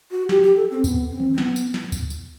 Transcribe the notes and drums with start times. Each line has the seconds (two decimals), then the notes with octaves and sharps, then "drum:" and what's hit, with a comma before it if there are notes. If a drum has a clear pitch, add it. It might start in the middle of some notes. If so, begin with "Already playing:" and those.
0.11 F#4
0.29 G4, drum: snare
0.43 G4
0.56 A4
0.71 C4
0.84 B3, drum: kick, tambourine
1.11 C4
1.20 drum: tom D#3
1.33 C4
1.38 B3, drum: snare
1.56 drum: tambourine
1.74 drum: snare
1.92 drum: kick, tambourine
2.10 drum: tambourine